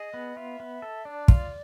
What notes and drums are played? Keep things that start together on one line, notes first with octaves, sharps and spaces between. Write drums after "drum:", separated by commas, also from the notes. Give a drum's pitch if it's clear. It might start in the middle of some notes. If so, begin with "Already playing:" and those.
Already playing: G#4 D#5
B3
F4 E5
B3
A4
D4 D5
F4, drum: kick